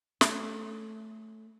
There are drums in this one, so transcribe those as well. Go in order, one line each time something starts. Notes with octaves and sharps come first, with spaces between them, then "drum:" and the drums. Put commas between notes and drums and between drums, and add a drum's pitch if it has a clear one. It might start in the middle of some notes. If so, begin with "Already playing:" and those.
A3 C#4, drum: snare